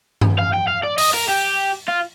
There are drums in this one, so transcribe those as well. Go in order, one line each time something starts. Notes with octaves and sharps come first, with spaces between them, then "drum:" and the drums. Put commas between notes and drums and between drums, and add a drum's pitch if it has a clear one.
drum: tom G2
F5
G5
F5
D5
D#5, drum: open hi-hat
A#4
G4
F4